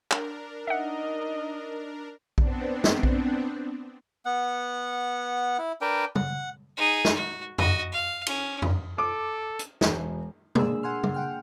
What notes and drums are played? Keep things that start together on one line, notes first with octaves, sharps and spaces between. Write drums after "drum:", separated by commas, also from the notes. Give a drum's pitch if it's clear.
D4 A#4, drum: clap
D#4 D#5 E5 F#5
B3 C4 D4, drum: kick A#1
drum: snare
drum: kick A#1
B3 F#5
E4
D4 A#4 B4 G5
F#5, drum: tom
D#4 G#4
drum: snare
F#4
F#4 D#5, drum: tom F2
F5
C#4, drum: cymbal
drum: tom F2
A4 D6
drum: hi-hat
E1, drum: snare
A#3 D4 G#4 E6, drum: tom B2
F#5 G#5 C6 F6
drum: tom
F#5 G5 F6